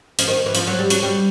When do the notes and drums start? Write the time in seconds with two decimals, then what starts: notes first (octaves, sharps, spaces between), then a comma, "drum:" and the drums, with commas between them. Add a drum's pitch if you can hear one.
0.19 F3, drum: hi-hat
0.28 D#3
0.46 E3
0.55 F3, drum: hi-hat
0.67 F#3
0.79 G3
0.90 F#3, drum: hi-hat
1.03 G3